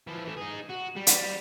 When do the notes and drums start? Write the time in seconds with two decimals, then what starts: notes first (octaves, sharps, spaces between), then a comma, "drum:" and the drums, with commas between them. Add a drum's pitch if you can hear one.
0.07 E3 F3
0.25 E3 A3
0.37 D#4 G#4
0.70 F#4
0.97 G3
1.07 drum: hi-hat